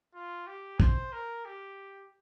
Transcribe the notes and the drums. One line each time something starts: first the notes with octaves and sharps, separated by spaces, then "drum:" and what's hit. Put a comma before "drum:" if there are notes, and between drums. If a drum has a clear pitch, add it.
F4
G4
C5, drum: kick
A#4
G4